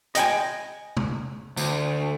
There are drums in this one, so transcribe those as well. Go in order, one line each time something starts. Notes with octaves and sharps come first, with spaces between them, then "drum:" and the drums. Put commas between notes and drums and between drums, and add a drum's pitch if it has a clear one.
D#5 G5 G#5, drum: hi-hat
drum: tom
D2, drum: tambourine